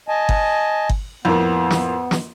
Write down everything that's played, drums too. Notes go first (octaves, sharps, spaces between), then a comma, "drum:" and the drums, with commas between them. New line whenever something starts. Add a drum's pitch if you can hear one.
D#5 G#5 A5
drum: kick G1
drum: kick G1
F2 A2 A#3 B3
drum: snare
drum: snare